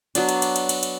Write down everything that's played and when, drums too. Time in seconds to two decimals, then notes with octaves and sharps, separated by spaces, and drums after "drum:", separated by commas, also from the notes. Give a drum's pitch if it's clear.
0.15 F#3 B3 D4, drum: cymbal
0.29 drum: cymbal
0.42 drum: cymbal
0.56 drum: cymbal
0.69 drum: cymbal
0.83 drum: cymbal